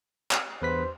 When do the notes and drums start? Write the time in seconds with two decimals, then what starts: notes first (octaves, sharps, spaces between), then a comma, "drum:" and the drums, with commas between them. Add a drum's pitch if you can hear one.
0.31 drum: clap
0.62 E2 G2 B4 C5 B6